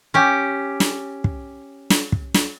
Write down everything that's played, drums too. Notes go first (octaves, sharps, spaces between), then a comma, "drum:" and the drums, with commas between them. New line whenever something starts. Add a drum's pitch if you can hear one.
C#4 G4
drum: snare
drum: kick
drum: snare
drum: kick
drum: snare